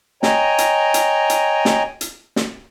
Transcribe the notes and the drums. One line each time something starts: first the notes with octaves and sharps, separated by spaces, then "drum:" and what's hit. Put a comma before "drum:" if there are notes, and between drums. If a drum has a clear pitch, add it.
C#5 D#5 G5 G#5 A#5, drum: snare
drum: hi-hat
drum: hi-hat
drum: hi-hat
drum: snare
drum: hi-hat
drum: snare